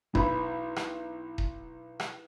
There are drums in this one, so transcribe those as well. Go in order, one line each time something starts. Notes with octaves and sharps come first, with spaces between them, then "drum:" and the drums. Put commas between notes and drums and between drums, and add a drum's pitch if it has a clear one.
B1 E4 B4 B5, drum: kick D#1
drum: rim click
drum: kick D#1
drum: rim click